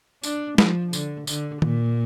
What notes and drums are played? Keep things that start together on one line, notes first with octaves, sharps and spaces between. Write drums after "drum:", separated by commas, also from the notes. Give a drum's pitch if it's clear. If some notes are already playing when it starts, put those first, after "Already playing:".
D4, drum: tambourine
F3, drum: snare G#3
D3, drum: tambourine
D3, drum: tambourine
A#2, drum: tom D#3